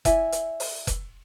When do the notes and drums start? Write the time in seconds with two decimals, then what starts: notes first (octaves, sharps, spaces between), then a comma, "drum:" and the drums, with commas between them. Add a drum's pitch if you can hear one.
0.05 E4 D5 E5 G#5, drum: kick F1, hi-hat
0.32 drum: hi-hat
0.60 drum: open hi-hat
0.87 drum: kick F1, hi-hat